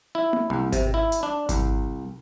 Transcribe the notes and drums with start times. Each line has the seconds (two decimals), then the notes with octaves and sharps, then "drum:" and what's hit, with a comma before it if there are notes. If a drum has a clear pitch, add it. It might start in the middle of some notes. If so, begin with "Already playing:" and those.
0.15 E4
0.33 drum: tom A#3
0.50 C2
0.72 C3, drum: kick G#1, hi-hat
0.94 E4
1.12 drum: hi-hat
1.23 D4
1.49 C2, drum: kick G#1, hi-hat